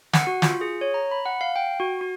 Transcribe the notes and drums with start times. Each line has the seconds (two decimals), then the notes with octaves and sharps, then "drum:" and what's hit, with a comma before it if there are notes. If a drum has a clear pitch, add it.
0.13 F#5, drum: snare
0.27 F#4
0.42 F4, drum: snare
0.61 G#4
0.81 C#5
0.94 A#5
1.11 B5
1.26 F#5
1.41 F5
1.56 G5
1.80 F#4
2.01 F#4